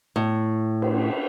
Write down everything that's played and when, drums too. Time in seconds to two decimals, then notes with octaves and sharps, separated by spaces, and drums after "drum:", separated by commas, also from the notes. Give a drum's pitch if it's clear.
0.16 A2
0.82 drum: cymbal